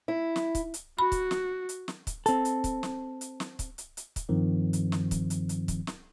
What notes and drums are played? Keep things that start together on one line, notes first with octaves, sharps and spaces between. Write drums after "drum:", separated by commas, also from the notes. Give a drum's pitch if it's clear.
E4
drum: snare
drum: kick, hi-hat
drum: hi-hat
F#4 B5
drum: kick, hi-hat
drum: snare
drum: hi-hat
drum: snare
drum: kick, hi-hat
C4 A4, drum: hi-hat
drum: hi-hat
drum: kick, hi-hat
drum: snare
drum: hi-hat
drum: snare
drum: kick, hi-hat
drum: hi-hat
drum: hi-hat
drum: kick, hi-hat
G2 D#3 F3 C4
drum: hi-hat
drum: snare
drum: kick, hi-hat
drum: hi-hat
drum: hi-hat
drum: kick, hi-hat
drum: snare